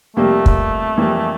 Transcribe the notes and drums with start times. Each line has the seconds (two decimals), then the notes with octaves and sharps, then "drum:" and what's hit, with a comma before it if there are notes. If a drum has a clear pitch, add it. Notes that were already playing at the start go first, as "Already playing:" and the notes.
0.16 F2 C3 G3 A3 A#3
0.46 drum: kick
0.97 F2 E3 G3 A#3